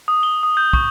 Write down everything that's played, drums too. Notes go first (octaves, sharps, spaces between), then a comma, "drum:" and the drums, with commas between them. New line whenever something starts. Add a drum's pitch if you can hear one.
D#6
G7
D#6
G6
C#6, drum: kick